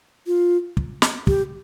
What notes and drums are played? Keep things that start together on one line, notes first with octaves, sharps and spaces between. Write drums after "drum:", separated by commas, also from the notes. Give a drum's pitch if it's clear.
F4
drum: kick
drum: snare
G4, drum: kick